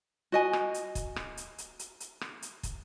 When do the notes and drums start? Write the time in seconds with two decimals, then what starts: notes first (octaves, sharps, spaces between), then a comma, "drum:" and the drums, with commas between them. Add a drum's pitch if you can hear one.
0.32 F#4 D#5 G#5
0.53 drum: rim click
0.74 drum: hi-hat
0.95 drum: kick, hi-hat
1.16 drum: rim click
1.37 drum: hi-hat
1.58 drum: hi-hat
1.79 drum: hi-hat
2.00 drum: hi-hat
2.21 drum: rim click
2.42 drum: hi-hat
2.63 drum: kick, hi-hat